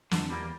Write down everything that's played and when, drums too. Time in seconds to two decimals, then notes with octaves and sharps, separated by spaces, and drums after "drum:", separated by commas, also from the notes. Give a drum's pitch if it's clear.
0.11 F2 D3, drum: snare
0.30 E2 G3 A#3